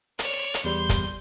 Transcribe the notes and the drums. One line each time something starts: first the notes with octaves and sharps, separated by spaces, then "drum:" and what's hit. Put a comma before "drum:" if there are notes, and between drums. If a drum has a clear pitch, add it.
C#5 D5, drum: hi-hat
drum: hi-hat
E2 G3 C6 G6
drum: kick, hi-hat